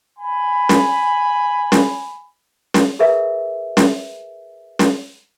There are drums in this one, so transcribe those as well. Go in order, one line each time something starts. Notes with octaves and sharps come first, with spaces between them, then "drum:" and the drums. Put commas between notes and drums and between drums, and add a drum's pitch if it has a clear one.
G#5 B5
drum: snare
drum: snare
drum: snare
G#4 A#4 B4 E5
drum: snare
drum: snare